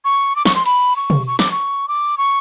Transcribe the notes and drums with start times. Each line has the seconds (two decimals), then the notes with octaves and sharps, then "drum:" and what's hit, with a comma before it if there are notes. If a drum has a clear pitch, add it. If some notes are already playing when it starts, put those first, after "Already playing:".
0.05 C#6
0.36 D6
0.45 C#6, drum: snare
0.55 C6
0.66 B5, drum: cymbal
0.96 C#6
1.10 drum: tom
1.27 C#6
1.39 D6, drum: snare
1.51 C#6
1.88 D6
2.18 C#6